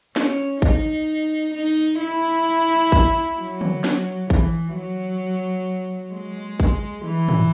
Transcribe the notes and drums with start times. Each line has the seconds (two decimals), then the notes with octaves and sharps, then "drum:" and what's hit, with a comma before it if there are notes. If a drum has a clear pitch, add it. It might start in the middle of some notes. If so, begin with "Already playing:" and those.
0.16 C#4, drum: snare
0.62 D#4, drum: kick
1.54 D#4
2.00 E4
2.92 drum: kick
3.38 F#3
3.61 drum: tom
3.84 drum: snare
4.30 E3, drum: kick
4.76 F#3
6.14 G#3
6.60 drum: kick
7.06 E3
7.29 drum: tom